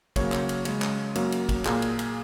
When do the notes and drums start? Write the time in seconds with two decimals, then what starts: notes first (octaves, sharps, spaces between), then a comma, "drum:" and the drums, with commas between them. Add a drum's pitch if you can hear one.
0.16 C#3 F#3 A#3 C#5, drum: kick A1, cymbal
0.32 drum: clap
0.49 drum: cymbal
0.65 C#3 G#3 C#5, drum: cymbal
0.82 drum: clap
1.15 F#2 F#3 A#3, drum: cymbal
1.32 drum: cymbal
1.49 drum: kick A1, cymbal
1.65 A#2 A#3 G#4, drum: clap
1.82 drum: cymbal
1.99 drum: cymbal